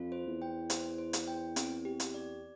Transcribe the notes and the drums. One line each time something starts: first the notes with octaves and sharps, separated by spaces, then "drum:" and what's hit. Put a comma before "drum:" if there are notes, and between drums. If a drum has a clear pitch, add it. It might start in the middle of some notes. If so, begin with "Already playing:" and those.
Already playing: F2 F4
C5
E2
G5
C5, drum: hi-hat
C5
drum: hi-hat
G5
C4, drum: hi-hat
G4
drum: hi-hat
D5